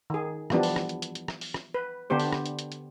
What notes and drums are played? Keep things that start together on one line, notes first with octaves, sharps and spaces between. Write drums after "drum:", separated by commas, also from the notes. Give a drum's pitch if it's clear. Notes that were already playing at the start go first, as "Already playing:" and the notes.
D#3 G#4
E3 F3 G3 B3 D4, drum: rim click
drum: open hi-hat
drum: rim click
drum: hi-hat
drum: hi-hat
drum: hi-hat
drum: rim click
drum: open hi-hat
drum: rim click
B4
D3 B3 D4 G4 C5
drum: open hi-hat
drum: rim click
drum: hi-hat
drum: hi-hat
drum: hi-hat